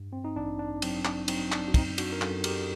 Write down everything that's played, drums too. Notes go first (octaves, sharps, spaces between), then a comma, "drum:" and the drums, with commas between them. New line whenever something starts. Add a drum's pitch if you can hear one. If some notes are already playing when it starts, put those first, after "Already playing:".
Already playing: G2
C4
D#4
A1 D4
D4
F#3 C4, drum: cymbal
D4, drum: clap
F#3 C4 D#4, drum: cymbal
D4, drum: clap
F#4
F#2 C4 D#4, drum: kick, cymbal
D4 F#4, drum: cymbal
A#4
F#2 F#4 A4, drum: clap
G4 A#4, drum: cymbal